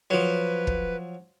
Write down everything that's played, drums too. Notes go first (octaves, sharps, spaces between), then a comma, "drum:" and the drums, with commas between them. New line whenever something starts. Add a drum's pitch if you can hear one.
F3 F#3 B4
drum: kick